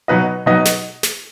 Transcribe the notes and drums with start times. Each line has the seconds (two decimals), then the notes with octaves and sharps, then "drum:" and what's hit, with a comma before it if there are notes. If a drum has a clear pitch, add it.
0.08 B2 F#3 D#4 B4 D#5
0.46 B2 F#3 D#4 B4 D#5
0.65 drum: snare
1.03 drum: snare